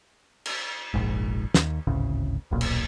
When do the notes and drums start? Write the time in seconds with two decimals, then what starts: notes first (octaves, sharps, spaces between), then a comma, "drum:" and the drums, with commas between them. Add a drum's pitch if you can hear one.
0.45 drum: cymbal
0.94 F1 A#1 G#2
1.54 D#2, drum: snare
1.87 G#1 D2 A2 C#3
2.51 D#1 B1 A#2
2.61 drum: cymbal